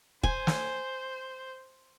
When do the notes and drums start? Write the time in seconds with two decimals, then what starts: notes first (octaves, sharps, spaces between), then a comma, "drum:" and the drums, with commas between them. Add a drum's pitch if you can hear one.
0.23 C5 G#5, drum: kick
0.47 drum: snare